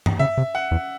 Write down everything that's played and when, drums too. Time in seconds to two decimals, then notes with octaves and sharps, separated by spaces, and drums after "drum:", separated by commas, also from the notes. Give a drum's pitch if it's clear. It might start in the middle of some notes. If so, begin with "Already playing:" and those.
0.06 drum: tom G2
0.19 C#3 E5
0.38 C3
0.55 F#5
0.71 E2